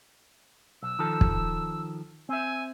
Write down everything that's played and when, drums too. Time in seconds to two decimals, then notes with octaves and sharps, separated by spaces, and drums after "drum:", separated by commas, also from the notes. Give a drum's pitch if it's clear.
0.83 B1 E6
0.99 D#3 F3 A4
1.21 drum: kick
2.29 C4 E5 G#5